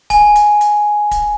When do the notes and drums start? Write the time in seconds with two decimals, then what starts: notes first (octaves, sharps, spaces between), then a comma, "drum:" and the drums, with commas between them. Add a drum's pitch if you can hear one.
0.10 G#5, drum: kick D1, hi-hat
0.35 drum: hi-hat
0.61 drum: hi-hat
1.11 drum: kick D1, hi-hat